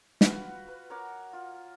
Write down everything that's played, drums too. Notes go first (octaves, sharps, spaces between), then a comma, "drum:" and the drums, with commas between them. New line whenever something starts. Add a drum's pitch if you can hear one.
F4 F#4 B4 B5, drum: snare
B4
A#4 C#5 F#5 D6
F4